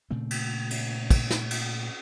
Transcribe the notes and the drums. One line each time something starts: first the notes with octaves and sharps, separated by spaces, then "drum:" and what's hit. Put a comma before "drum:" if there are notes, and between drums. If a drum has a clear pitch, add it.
A#2 C#3 A3 C4
drum: cymbal
drum: cymbal
drum: kick, cymbal
drum: snare
drum: cymbal